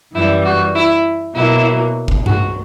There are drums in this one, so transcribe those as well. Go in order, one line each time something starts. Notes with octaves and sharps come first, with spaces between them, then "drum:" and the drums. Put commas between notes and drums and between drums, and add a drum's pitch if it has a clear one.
F#2 E3 G3 E4
F#4
E4
B2 F#3 A#3 E4
drum: kick
F#4, drum: tom G2